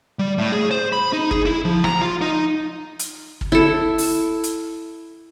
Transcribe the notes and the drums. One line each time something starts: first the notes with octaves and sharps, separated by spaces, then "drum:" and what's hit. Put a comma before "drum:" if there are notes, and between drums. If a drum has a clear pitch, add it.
G3
A2
G#4
C5
B5
D#4
G#4, drum: kick
E4
F3
A#5, drum: rim click
F4
D#4
drum: hi-hat
drum: kick
E4 A4
drum: open hi-hat
drum: hi-hat